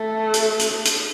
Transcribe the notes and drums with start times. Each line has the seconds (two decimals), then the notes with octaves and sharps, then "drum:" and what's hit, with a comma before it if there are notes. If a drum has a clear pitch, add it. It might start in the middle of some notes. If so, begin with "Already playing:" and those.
Already playing: A3
0.34 drum: hi-hat
0.59 drum: hi-hat
0.85 drum: hi-hat